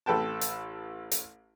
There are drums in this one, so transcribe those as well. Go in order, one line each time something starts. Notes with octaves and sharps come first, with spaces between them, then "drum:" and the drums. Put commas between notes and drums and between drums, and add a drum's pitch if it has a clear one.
A1 A4 B4 G5 A5
drum: hi-hat
drum: hi-hat